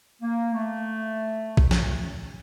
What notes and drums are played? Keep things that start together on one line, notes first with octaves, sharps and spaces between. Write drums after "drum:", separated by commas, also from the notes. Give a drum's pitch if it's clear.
A#3
A3
drum: kick A#1
drum: snare